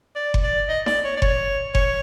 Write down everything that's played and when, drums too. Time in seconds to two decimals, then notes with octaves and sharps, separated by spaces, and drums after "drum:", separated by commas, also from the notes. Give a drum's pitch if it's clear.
0.16 D5
0.34 drum: kick F#1
0.43 D5
0.69 D#5
0.86 D5, drum: snare D#4
1.04 C#5
1.17 D5
1.22 C#5, drum: kick F#1
1.75 C#5, drum: kick F#1